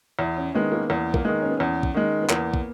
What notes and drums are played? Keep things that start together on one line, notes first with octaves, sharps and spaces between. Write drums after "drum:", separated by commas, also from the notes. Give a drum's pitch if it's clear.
E2 E4
C#4
D#3 G#3 B3
A#3
E2 A#3
A#3, drum: kick
D#3 G#3 B3
C#4
B3
E2 C#4
drum: kick
D#3 G#3
B3
E2 A#3, drum: clap
drum: kick